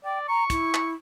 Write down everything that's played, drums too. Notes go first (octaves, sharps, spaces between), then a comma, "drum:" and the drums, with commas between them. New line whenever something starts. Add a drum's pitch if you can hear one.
D5 G5
A#5 C#6
E4, drum: kick, hi-hat
drum: clap